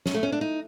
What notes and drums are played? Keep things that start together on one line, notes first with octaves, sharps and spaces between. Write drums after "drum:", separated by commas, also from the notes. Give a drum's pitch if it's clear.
C#4, drum: snare
A3
C#4
D4
D#4